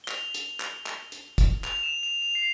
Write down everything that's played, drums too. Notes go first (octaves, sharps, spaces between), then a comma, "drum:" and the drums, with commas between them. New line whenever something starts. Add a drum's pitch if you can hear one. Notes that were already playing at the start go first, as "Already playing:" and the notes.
G7
F7, drum: clap
drum: hi-hat
drum: clap
drum: clap
drum: hi-hat
drum: kick, hi-hat
F7, drum: clap
E7
F7
F7
C7